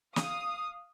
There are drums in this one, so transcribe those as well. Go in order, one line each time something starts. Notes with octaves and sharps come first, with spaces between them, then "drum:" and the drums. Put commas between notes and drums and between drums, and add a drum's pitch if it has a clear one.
F5 D#6, drum: snare